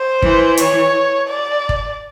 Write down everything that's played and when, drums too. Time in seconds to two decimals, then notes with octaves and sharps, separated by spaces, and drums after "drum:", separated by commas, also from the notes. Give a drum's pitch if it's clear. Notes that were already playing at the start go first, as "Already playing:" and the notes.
Already playing: C5
0.22 E3, drum: kick
0.57 C#5, drum: hi-hat
1.28 D5
1.69 drum: kick